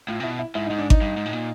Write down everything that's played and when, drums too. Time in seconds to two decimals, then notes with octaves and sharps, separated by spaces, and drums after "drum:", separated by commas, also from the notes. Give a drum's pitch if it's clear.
0.08 A2 F4
0.20 C3
0.23 B2 E4
0.39 E4
0.55 G#2 E4
0.67 G#2 D#4
0.78 D4
0.90 D#4, drum: kick G#1
1.01 G2
1.17 G#2
1.26 A2
1.33 A#2